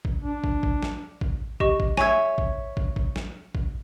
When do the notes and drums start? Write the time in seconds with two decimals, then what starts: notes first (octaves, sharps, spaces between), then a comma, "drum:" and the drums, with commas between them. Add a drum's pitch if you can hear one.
0.05 drum: kick
0.21 D4
0.44 drum: kick
0.63 drum: kick
0.83 drum: snare
1.21 drum: kick
1.60 G4 D#5 C#6, drum: kick
1.80 drum: kick
1.97 C#5 E5 G#5 G#6, drum: snare
2.38 drum: kick
2.77 drum: kick
2.96 drum: kick
3.16 drum: snare
3.55 drum: kick